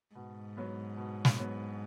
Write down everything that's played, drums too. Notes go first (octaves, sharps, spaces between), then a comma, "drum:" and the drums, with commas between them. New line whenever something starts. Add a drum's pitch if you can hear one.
G#2 B2
F#3 B3
B2
drum: snare
F#3 B3